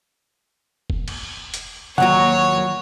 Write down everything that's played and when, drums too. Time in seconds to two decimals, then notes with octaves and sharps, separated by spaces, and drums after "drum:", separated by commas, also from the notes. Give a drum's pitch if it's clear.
0.90 drum: kick F1
1.08 drum: cymbal
1.54 drum: hi-hat
1.98 D#2 F#3 F#4 C#5 F#5, drum: tom
2.58 drum: tom F#3